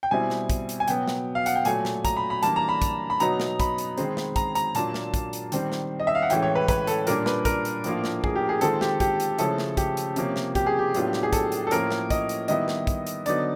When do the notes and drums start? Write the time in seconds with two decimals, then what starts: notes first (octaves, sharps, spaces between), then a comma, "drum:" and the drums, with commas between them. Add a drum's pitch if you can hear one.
0.03 G5
0.11 B2 G3 C4 E4 G#5
0.30 drum: snare
0.50 drum: kick, hi-hat
0.69 drum: hi-hat
0.80 G#5
0.88 B2 F#3 B3 G5, drum: hi-hat
1.08 drum: snare
1.35 F5
1.46 F#5, drum: hi-hat
1.55 G5
1.65 A#2 F#3 A3 G#5, drum: hi-hat
1.85 drum: snare
2.05 A#5, drum: kick, hi-hat
2.17 B5
2.30 B5
2.43 E3 G3 A#3 D4 A5, drum: hi-hat
2.56 A#5
2.69 B5
2.82 drum: kick, hi-hat
3.10 B5
3.20 B2 F#3 B3 D#4 A#5, drum: hi-hat
3.40 drum: snare
3.60 B5, drum: kick, hi-hat
3.78 drum: hi-hat
3.98 D#3 G#3 C4, drum: hi-hat
4.17 drum: snare
4.36 A#5, drum: kick, hi-hat
4.55 A#5, drum: hi-hat
4.75 A#2 F#3 A#3 D4 F4 A5, drum: hi-hat
4.94 drum: snare
5.14 drum: kick, hi-hat
5.33 drum: hi-hat
5.52 D#3 G3 C4, drum: hi-hat
5.72 drum: snare
6.00 D#5
6.07 E5
6.15 F5
6.22 F#5
6.30 A2 E3 G#3 C#4 E4 G5, drum: hi-hat
6.43 C#5
6.55 B4
6.68 B4, drum: kick, hi-hat
6.87 A4, drum: hi-hat
7.07 A#2 G3 A#3 D4 F4 A#4, drum: hi-hat
7.26 B4, drum: snare
7.45 A#4, drum: kick, hi-hat
7.65 drum: hi-hat
7.84 A2 F3 A#3 D4 F4, drum: hi-hat
8.04 drum: snare
8.24 G#4, drum: kick
8.36 G4
8.49 G#4
8.61 D#3 G#3 C4 F4 A4, drum: hi-hat
8.81 G4, drum: snare
9.00 G4, drum: kick, hi-hat
9.20 drum: hi-hat
9.39 C#3 F3 A3 C#4 E4 A4, drum: hi-hat
9.58 drum: snare
9.77 G4, drum: kick, hi-hat
9.97 drum: hi-hat
10.16 C3 F3 A#3 C#4, drum: hi-hat
10.36 drum: snare
10.55 G4, drum: kick, hi-hat
10.66 G#4
10.79 G4
10.94 A2 F#3 B3 D4 F4, drum: hi-hat
11.13 drum: snare
11.23 G#4
11.33 A4, drum: kick, hi-hat
11.52 drum: hi-hat
11.67 A4
11.71 A2 F3 A#3 C#4 A#4, drum: hi-hat
11.91 drum: snare
12.10 D#5, drum: kick, hi-hat
12.29 drum: hi-hat
12.48 D#3 G3 B3 E4 D#5, drum: hi-hat
12.68 drum: snare
12.87 drum: kick, hi-hat
13.07 drum: hi-hat
13.26 D3 F#3 B3 D#4 D5, drum: hi-hat